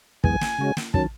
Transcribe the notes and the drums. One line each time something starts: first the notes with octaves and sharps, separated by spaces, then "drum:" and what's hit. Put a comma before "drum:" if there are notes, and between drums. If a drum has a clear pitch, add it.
F#2 E3 G#3 B3 G#5, drum: kick
drum: snare
C#3 G#3 C#4 F#4
drum: snare
D#3 F#3 C#4 A5, drum: kick